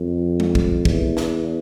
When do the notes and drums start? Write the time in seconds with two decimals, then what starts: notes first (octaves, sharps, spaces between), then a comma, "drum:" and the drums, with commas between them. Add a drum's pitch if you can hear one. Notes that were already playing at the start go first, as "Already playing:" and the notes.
Already playing: F2
0.40 drum: tom G3
0.55 drum: kick
0.85 E2, drum: kick
1.17 drum: snare